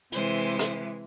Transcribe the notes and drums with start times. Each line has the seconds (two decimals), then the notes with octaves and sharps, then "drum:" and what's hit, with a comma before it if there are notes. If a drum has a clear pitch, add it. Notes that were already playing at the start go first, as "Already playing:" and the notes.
0.12 C3 E3 G#3 C5, drum: hi-hat
0.59 drum: rim click